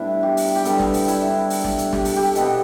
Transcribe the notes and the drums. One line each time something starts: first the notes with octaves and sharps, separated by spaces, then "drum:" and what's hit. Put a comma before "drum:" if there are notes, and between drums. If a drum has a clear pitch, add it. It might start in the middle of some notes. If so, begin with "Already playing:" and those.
Already playing: A2 G3 B3 D4 E4 B4
G4
drum: open hi-hat
G4
D3 G3 B3 A4, drum: hi-hat
drum: snare
drum: open hi-hat
E4, drum: hi-hat
D4
drum: open hi-hat
drum: snare
drum: hi-hat
G4, drum: snare
A4, drum: open hi-hat
G4
B2 B3 A4, drum: hi-hat